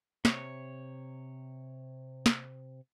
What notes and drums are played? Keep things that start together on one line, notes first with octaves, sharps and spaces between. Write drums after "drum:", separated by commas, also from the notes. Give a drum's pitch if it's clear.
C3 C#5, drum: snare
drum: snare